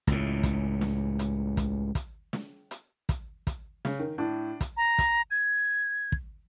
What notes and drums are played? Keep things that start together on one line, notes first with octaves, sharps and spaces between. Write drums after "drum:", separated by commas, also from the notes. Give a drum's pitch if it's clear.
C#2 A2, drum: kick, hi-hat
drum: kick, hi-hat
drum: snare
drum: hi-hat
drum: kick, hi-hat
drum: kick, hi-hat
drum: snare
drum: hi-hat
drum: kick, hi-hat
drum: kick, hi-hat
C#3, drum: snare
D#3
A2 D4
drum: kick, hi-hat
A#5
drum: kick, hi-hat
G#6
drum: kick